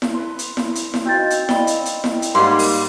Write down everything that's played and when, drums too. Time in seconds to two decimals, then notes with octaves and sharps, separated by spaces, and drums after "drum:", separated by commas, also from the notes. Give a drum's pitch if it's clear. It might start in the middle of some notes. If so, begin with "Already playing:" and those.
0.02 drum: snare E4
0.14 B4 C6
0.39 drum: hi-hat
0.57 drum: snare E4
0.75 drum: hi-hat
0.94 drum: snare E4
1.05 C4 D#4 F#4 F5 G6 A6
1.30 drum: hi-hat
1.49 D5 D#5 B5 G7, drum: snare E4
1.67 drum: hi-hat
1.85 drum: hi-hat
2.04 drum: snare E4
2.22 drum: hi-hat
2.35 G#2 G3 A#3 F#5 C6
2.59 drum: open hi-hat